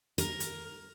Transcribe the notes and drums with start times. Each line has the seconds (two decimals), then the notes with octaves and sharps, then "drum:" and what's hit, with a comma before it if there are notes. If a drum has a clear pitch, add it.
0.18 A#4, drum: hi-hat
0.40 drum: hi-hat